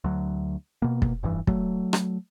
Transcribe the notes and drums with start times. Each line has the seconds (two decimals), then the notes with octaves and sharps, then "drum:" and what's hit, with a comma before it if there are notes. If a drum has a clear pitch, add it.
0.04 D2 F#3
0.82 B2 A#3
1.02 drum: kick
1.23 F1 G2 E3
1.47 F#3 A3, drum: kick
1.93 drum: rim click